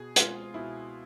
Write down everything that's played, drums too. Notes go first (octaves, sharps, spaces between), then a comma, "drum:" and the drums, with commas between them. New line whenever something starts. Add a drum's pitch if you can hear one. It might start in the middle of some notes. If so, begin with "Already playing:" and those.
Already playing: B2 G#4
G#3 C4 F4, drum: hi-hat
B2 E4